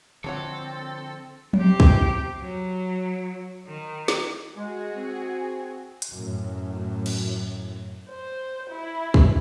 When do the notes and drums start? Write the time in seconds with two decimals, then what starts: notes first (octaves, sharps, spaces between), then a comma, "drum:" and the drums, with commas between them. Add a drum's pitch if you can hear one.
0.24 D3 F3 C4 D4 A4 C#5 F#5
1.53 C3 G4, drum: tom F3
1.80 drum: kick
2.40 F#3
3.67 D#3
4.08 drum: snare
4.57 G#3 F#4 G#4
4.95 C4
6.02 drum: hi-hat
6.12 F#2 A2
7.06 drum: cymbal
8.09 C5
8.70 E4
9.14 drum: kick